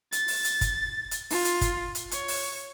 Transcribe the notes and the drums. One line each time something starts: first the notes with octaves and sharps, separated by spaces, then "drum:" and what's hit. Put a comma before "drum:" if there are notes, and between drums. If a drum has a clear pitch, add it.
A6, drum: hi-hat
drum: open hi-hat
drum: hi-hat
drum: kick G1, hi-hat
drum: hi-hat
F4, drum: open hi-hat
drum: hi-hat
drum: kick G1, hi-hat
drum: hi-hat
C#5, drum: hi-hat
drum: open hi-hat